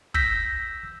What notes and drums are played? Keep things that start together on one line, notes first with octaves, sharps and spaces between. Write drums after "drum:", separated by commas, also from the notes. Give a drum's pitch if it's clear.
E6 G6 A#6 B6, drum: kick